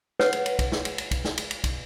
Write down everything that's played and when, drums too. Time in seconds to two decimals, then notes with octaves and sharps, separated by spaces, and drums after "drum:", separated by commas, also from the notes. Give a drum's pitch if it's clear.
0.19 B4 C#5 F#5, drum: snare
0.33 drum: cymbal
0.46 drum: cymbal
0.59 drum: kick, cymbal
0.72 drum: snare
0.85 drum: cymbal
0.98 drum: cymbal
1.11 drum: kick, cymbal
1.24 drum: snare
1.38 drum: cymbal
1.51 drum: cymbal
1.64 drum: kick, cymbal